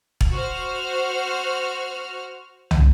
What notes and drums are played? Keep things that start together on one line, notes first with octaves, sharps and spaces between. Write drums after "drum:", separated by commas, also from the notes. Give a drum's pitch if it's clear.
drum: kick
F#4 C5 F6
drum: tom